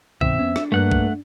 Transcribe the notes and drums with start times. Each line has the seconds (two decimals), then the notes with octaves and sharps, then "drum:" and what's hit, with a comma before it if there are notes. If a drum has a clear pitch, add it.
0.21 G2 B2 D#3 C4 E5, drum: kick B1
0.39 F2 B3 C#4
0.56 D4, drum: rim click
0.72 G2 A3 A#3 F#5 F#6
0.92 drum: kick B1